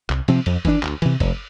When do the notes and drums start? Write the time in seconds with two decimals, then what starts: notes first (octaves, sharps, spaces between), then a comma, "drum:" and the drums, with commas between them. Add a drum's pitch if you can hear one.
0.10 C2, drum: clap
0.28 C3 F3 C4, drum: cymbal
0.46 F2, drum: cymbal
0.65 E3 B3 D4, drum: kick F#1, cymbal
0.83 D2, drum: clap
1.02 C3 E3, drum: cymbal
1.20 F1, drum: kick F#1, cymbal